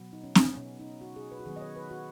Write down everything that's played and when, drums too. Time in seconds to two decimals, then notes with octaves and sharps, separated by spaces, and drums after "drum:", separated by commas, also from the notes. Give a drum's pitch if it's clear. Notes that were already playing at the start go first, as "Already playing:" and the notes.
Already playing: B2 F#3 B3
0.13 D#4
0.23 C#4
0.35 B3, drum: snare C4
0.46 C#4
0.57 B2 B3 C#4
0.80 D#4
1.01 F#4
1.16 G#4
1.31 B4
1.39 F#4
1.46 D#3 F#3 B3 G#4
1.56 D#5
1.61 C#5
1.76 B4
1.90 F#4